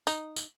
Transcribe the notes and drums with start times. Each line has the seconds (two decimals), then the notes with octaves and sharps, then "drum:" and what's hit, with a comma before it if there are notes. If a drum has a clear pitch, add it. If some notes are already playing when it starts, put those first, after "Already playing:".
0.07 D#4, drum: tambourine
0.36 drum: tambourine